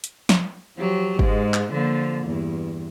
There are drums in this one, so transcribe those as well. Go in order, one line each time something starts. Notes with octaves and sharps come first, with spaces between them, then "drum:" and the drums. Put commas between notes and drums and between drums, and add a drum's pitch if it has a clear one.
drum: hi-hat
drum: snare
F3 F#3 G4
G#2 G#3, drum: kick
drum: clap
D3 F3 A#3
E2 G2